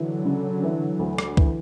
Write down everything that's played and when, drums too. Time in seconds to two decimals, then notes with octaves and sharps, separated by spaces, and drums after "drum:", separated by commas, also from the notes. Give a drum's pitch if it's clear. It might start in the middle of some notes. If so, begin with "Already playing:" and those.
Already playing: D3 E3 F#3
0.25 C#3
0.63 E3
0.99 D2
1.18 drum: rim click
1.37 E3, drum: kick C#2